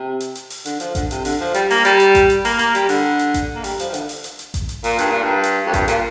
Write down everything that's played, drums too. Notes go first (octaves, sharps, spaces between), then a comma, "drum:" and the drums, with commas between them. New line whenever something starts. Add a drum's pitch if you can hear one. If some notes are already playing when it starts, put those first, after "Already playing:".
Already playing: C3
drum: hi-hat
drum: hi-hat
drum: open hi-hat
D3, drum: hi-hat
F3, drum: hi-hat
D3, drum: kick A1, hi-hat
C3, drum: hi-hat
D3, drum: open hi-hat
F3
G3, drum: hi-hat
A#3, drum: open hi-hat
G3, drum: hi-hat
drum: hi-hat
drum: kick A1, hi-hat
drum: hi-hat
A#3, drum: open hi-hat
A#3, drum: hi-hat
G3, drum: hi-hat
D3, drum: open hi-hat
drum: hi-hat
drum: kick A1, hi-hat
A#3
G3, drum: open hi-hat
F3, drum: hi-hat
F3
D3, drum: hi-hat
drum: open hi-hat
drum: hi-hat
drum: hi-hat
drum: kick A1, hi-hat
drum: hi-hat
A#2, drum: open hi-hat
G2, drum: hi-hat
A#2
G2
drum: hi-hat
F2
G2, drum: kick A1, hi-hat
A#2, drum: hi-hat